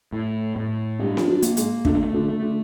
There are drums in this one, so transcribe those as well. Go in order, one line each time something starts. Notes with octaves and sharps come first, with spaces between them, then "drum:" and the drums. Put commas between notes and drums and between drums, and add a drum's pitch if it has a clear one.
A2
A2
G2 G3 D4
F3, drum: snare C4
F#3
A#3, drum: hi-hat
G#2 G#3, drum: hi-hat
D3 A3 D4, drum: kick
D3 D4
A3
D3 D4